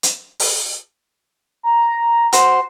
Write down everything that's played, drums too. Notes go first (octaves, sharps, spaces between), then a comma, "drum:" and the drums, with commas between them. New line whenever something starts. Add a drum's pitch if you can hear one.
drum: hi-hat
drum: open hi-hat
A#5
F#4 C5, drum: hi-hat